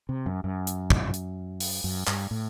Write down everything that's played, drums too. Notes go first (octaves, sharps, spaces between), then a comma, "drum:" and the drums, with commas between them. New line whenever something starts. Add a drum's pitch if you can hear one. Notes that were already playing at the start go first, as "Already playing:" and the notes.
C3
F#2
F#2
drum: hi-hat
drum: kick
drum: hi-hat
drum: open hi-hat
F#2
G2, drum: clap
A2